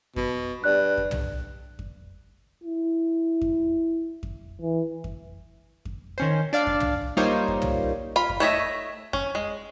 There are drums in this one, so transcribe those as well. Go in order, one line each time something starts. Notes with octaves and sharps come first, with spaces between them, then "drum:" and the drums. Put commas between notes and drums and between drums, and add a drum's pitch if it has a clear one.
B2, drum: kick F2
G2 D5 F#6
drum: kick F2
drum: tom
drum: kick F2
E4
drum: kick F2
drum: kick F2
E3
drum: kick F2
drum: kick F2
D#3 C#4 C5
D4 D5 F5
drum: kick F2
drum: tom
G3 A#3 D#4 F4 C5 C#5
drum: kick F2
drum: tom
F4 B5
drum: kick F2
A3 C#5 D#5 E5
C#4, drum: kick F2
G#3